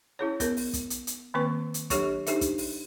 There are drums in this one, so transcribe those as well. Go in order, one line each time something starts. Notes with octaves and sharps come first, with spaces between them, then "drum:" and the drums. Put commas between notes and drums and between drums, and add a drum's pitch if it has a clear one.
C#4 E4 G#4 C#5
B3 G#4 A#4, drum: kick, hi-hat
drum: open hi-hat
drum: kick, hi-hat
drum: hi-hat
drum: hi-hat
D#3 A#3 C4 B4 C#6
drum: hi-hat
F#3 D4 G4 A4 C#5 C#6, drum: kick, hi-hat
D4 D#4 G4 A4 C5 E5, drum: hi-hat
drum: kick, hi-hat
drum: open hi-hat